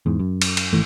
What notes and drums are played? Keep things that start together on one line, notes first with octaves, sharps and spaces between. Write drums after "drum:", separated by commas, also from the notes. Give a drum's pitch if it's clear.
E2 G#2
F#2
drum: cymbal
drum: cymbal
G#1 E3 A3